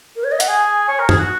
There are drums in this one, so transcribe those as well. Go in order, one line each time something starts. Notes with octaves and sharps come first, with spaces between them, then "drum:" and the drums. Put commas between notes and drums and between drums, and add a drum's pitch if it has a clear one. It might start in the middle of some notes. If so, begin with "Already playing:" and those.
A#4
C#5
D#5
F#5, drum: hi-hat
G#4 G#5
C#5
A#4
G#4, drum: tom
F#4